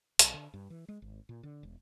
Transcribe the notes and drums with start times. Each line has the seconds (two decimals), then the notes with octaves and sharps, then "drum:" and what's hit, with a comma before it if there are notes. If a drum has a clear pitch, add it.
0.19 B1, drum: hi-hat
0.33 D3
0.54 G2
0.70 E3
0.88 G#3
1.02 G#1
1.29 A#2
1.43 D3
1.63 E1